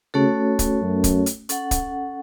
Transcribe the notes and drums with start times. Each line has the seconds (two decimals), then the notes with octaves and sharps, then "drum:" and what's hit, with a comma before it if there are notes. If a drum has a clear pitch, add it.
0.14 C#3 A3 C#4 F#4 A4 C#5
0.59 drum: kick, hi-hat
0.82 F#2
1.04 drum: kick, hi-hat
1.26 drum: hi-hat
1.49 C#4 A4 F#5, drum: hi-hat
1.71 drum: kick, hi-hat